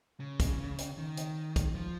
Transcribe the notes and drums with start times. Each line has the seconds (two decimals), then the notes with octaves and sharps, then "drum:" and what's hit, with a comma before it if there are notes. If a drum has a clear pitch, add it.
0.20 C#3
0.40 drum: kick, hi-hat
0.78 drum: hi-hat
0.98 D#3
1.17 drum: hi-hat
1.56 drum: kick, hi-hat
1.75 F3